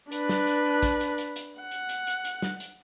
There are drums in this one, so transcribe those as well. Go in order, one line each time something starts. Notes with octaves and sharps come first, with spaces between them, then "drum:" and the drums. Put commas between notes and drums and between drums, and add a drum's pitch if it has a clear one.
D4 B4, drum: hi-hat
drum: snare
drum: hi-hat
drum: kick, hi-hat
drum: hi-hat
drum: hi-hat
drum: hi-hat
F#5
drum: hi-hat
drum: hi-hat
drum: hi-hat
drum: hi-hat
drum: snare
drum: hi-hat